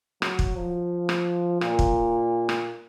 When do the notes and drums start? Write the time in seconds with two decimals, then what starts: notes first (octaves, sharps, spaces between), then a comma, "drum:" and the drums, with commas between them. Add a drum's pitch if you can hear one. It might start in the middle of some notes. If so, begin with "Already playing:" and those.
0.22 F#3, drum: rim click
0.39 drum: kick
0.56 F3
1.09 drum: rim click
1.61 A#2, drum: rim click
1.79 drum: kick
2.49 drum: rim click